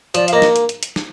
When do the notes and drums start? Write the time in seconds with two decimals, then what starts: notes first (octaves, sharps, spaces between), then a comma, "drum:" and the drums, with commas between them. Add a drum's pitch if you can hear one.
0.15 F3 D5, drum: hi-hat
0.28 F5, drum: hi-hat
0.33 A#3 D#5
0.42 drum: snare
0.56 drum: hi-hat
0.69 drum: hi-hat
0.83 drum: hi-hat
0.96 drum: snare